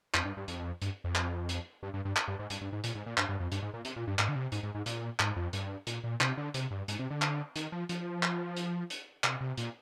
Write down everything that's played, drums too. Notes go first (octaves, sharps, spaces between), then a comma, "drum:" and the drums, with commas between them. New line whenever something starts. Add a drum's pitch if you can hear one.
F2, drum: clap
G2
G2
F2, drum: hi-hat
G2, drum: hi-hat
F2
drum: clap
drum: hi-hat
G2
G2
G2
drum: clap
G2
G#2
G2, drum: hi-hat
G2
G#2
A#2, drum: hi-hat
G#2
A#2
G2, drum: clap
G2
F2
G2, drum: hi-hat
G#2
A#2
C3, drum: hi-hat
A#2
G2
G#2, drum: clap
D3
C3
G#2, drum: hi-hat
G#2
G#2
A#2, drum: hi-hat
G#2, drum: clap
F2
G2, drum: hi-hat
A#2, drum: hi-hat
A#2
C3, drum: clap
D3
C3, drum: hi-hat
G2
G#2, drum: hi-hat
C3
D3
drum: clap
D#3, drum: hi-hat
F3
F3, drum: hi-hat
drum: clap
drum: hi-hat
drum: hi-hat
C3, drum: clap
C3
A#2, drum: hi-hat